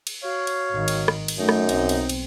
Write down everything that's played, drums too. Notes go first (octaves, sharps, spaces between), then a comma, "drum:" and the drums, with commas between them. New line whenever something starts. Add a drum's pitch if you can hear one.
drum: cymbal
F#4 C#5 F5
drum: cymbal
G#1 D#3
drum: cymbal
drum: rim click
drum: cymbal
F#2 A3 D#4
drum: rim click
B1 C4, drum: cymbal
drum: cymbal
drum: cymbal